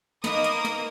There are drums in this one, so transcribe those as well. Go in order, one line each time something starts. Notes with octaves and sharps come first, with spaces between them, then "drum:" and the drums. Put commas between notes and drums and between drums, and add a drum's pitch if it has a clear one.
A#3 B3 D#4 A#4 B4 D#6, drum: snare
drum: hi-hat
drum: snare